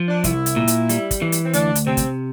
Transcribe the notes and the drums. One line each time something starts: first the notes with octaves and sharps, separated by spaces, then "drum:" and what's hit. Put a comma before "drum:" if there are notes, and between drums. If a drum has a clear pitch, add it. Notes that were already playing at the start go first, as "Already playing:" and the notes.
Already playing: F3
D4
C2 E4, drum: kick, hi-hat
drum: hi-hat
A#2
drum: hi-hat
G3, drum: hi-hat
drum: kick, hi-hat
E3
drum: hi-hat
C4
D2 D4, drum: hi-hat
drum: hi-hat
C3 C4
drum: kick, hi-hat